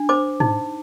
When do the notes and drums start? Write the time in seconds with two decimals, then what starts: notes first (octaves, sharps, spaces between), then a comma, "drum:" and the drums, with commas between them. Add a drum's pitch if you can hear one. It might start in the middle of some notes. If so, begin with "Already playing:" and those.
Already playing: D4
0.09 C5 D6
0.40 D#4, drum: tom G#2